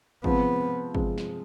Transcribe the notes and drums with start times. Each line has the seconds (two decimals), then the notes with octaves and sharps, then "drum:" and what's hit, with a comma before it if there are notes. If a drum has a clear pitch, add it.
0.24 C3 F3 G#3 B3 C4, drum: kick
0.95 C3 F3 G#3 C4, drum: kick
1.18 drum: snare